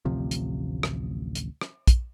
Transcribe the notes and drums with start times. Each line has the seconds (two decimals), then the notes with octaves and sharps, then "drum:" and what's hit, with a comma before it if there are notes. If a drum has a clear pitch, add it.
0.05 A1 D2 C3 F3
0.31 drum: hi-hat
0.83 drum: rim click
1.35 drum: hi-hat
1.61 drum: rim click
1.87 drum: kick, hi-hat